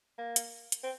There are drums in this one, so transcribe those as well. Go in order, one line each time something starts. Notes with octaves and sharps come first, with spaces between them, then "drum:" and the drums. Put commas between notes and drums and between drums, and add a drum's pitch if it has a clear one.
A#3
drum: hi-hat
drum: hi-hat
C4